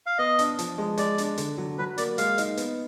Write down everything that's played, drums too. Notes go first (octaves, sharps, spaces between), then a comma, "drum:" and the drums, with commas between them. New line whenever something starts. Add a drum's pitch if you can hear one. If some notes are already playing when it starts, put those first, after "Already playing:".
F5
B3 D#5
D4, drum: hi-hat
F3, drum: hi-hat
G#3
G#3 D5, drum: hi-hat
D4, drum: hi-hat
D3, drum: hi-hat
F#3
F#3 B4
A#3 D5, drum: hi-hat
G#3 F5, drum: hi-hat
D#4, drum: hi-hat
B3, drum: hi-hat